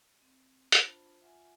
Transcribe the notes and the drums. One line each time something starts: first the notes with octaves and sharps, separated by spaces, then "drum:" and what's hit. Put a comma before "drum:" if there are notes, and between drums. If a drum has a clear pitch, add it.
C4
D4 F4 C5 A5 B5, drum: hi-hat
F4 E5 F#5 G#5